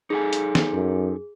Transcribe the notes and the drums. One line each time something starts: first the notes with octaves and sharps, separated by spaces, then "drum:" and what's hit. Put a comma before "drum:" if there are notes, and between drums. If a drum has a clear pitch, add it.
D#4 G#4 A4 G#5
drum: hi-hat
drum: snare
F#2